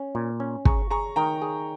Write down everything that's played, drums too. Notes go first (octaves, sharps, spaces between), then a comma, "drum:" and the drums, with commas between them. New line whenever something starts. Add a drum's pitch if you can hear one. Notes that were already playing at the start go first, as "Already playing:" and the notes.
Already playing: C#4
A#2
C#4
G#4 A#5 C#6, drum: kick
G#4 A#5 C#6
D#3 G5 A#5
G#4